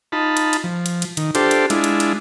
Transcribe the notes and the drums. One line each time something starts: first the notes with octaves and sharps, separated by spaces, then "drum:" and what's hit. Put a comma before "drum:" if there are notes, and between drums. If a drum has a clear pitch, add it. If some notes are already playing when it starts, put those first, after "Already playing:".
D#4 F4 A5 B5
drum: cymbal
drum: cymbal
F3
drum: cymbal
drum: cymbal
D#3, drum: cymbal
D4 F4 G4 A4 C5, drum: cymbal
drum: cymbal
G#3 D4 E4 F4, drum: cymbal
drum: cymbal
drum: cymbal